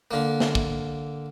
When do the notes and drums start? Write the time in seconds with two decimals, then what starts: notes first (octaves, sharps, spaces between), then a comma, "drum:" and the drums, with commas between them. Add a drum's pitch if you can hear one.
0.11 D3 A#3
0.40 drum: snare
0.55 drum: kick